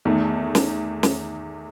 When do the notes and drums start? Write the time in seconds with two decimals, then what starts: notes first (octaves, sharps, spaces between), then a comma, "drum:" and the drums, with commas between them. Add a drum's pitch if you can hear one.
0.05 E2 D#3 A3
0.55 drum: snare
1.03 drum: snare